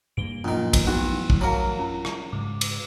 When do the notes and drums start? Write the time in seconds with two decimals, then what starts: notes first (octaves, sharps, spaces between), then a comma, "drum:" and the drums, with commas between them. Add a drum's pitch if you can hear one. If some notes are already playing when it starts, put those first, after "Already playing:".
0.17 G2 A#3 D7 G7
0.44 A1 F#2 A#2 D#3 F3 A#3
0.73 drum: kick, cymbal
0.87 B3 D#4 E4 F#4
1.30 drum: kick
1.41 F#3 A#4 F5 A#5
1.79 C#4
2.05 drum: rim click
2.33 G#2 C#3 D6
2.61 drum: cymbal